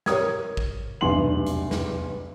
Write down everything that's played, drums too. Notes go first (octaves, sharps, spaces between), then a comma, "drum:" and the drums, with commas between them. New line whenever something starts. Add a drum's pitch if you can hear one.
A#4 C#5 D#6 G#6, drum: snare
drum: kick
F1 B1 E2 G2 C6 F#7
drum: hi-hat
drum: snare